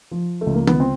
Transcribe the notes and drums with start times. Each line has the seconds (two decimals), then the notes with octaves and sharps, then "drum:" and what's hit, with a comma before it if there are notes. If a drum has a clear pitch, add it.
0.11 F3
0.41 A3
0.46 C#2
0.54 A#3
0.67 B3, drum: tom
0.80 C4